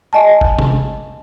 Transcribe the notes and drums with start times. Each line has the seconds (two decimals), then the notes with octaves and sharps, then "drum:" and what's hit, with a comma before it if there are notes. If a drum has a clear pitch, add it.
0.13 D#5 G#5 A5
0.41 drum: kick G1
0.59 drum: tom C3